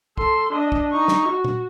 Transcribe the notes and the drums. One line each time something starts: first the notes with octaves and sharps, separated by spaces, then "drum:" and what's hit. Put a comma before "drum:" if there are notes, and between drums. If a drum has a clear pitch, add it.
A4 C6, drum: kick
D4 D#5
drum: kick
D#4 C#6
drum: snare
F#4
drum: tom A#2